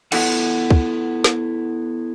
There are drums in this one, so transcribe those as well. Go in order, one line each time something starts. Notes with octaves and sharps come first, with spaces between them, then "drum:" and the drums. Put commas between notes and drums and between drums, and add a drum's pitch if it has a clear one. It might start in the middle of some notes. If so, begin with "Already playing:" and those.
B3 E4 A4 F#5, drum: cymbal
drum: kick
drum: snare